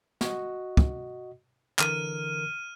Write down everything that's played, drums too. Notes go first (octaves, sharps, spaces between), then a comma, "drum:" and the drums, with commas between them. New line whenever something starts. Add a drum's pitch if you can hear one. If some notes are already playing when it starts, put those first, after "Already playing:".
F#4 D#5, drum: snare
drum: kick
D3 E3 A#4 F6 D#7, drum: clap